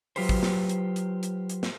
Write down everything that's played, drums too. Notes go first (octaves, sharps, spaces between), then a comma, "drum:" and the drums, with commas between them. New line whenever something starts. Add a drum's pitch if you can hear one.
F#3 F4 G4 B4 C5, drum: open hi-hat
drum: kick
drum: snare
drum: hi-hat
drum: hi-hat
drum: hi-hat
drum: hi-hat
drum: snare